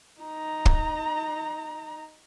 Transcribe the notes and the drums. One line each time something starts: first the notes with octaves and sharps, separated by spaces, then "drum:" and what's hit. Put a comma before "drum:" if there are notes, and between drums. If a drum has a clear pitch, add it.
D#4 A#5
drum: kick